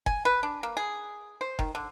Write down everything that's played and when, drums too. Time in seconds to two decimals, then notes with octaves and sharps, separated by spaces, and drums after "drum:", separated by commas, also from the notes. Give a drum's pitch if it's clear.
0.06 G#5, drum: kick F#1
0.25 B4
0.43 D4
0.63 A#3
0.77 G#4
1.41 C5
1.59 D#3, drum: kick F#1
1.75 D3